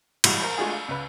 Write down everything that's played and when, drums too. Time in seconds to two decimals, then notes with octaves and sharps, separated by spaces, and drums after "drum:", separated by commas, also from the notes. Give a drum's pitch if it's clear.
0.24 A2 E3 G3 G#3 F#4, drum: cymbal
0.42 A#4 C5
0.58 G#3 A3 D4 F4 F#4 G#4
0.72 F5
0.88 C#2 B4